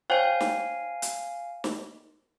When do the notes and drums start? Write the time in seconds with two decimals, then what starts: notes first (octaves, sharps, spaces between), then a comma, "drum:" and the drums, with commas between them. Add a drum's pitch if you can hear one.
0.10 C5 C#5 F5 G5 G#5
0.40 drum: snare
1.02 drum: hi-hat
1.64 drum: snare